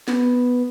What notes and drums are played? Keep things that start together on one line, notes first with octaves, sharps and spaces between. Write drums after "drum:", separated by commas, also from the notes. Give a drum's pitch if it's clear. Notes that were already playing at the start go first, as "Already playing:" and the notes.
B3, drum: snare